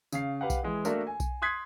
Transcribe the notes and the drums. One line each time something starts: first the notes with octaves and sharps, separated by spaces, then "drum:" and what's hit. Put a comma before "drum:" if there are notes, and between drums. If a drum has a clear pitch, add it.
C#3 F5 C7, drum: tambourine
G4 B4 F5 F#5
drum: kick B1, tambourine
E3 G#3
A3 A#3 D4 F#4 A4 A#4, drum: tambourine
G#5
drum: kick B1, tambourine
C6 D#6 F#6 G#6 B6 C7